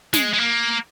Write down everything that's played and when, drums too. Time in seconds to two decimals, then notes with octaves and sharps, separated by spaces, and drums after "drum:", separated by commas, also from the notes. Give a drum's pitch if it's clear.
0.13 G#3, drum: snare
0.34 G#3
0.38 A#3